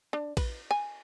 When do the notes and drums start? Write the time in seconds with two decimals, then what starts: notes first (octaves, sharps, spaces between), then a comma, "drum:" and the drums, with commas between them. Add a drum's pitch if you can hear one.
0.13 D4
0.37 B4, drum: kick A#1, cymbal
0.71 G#5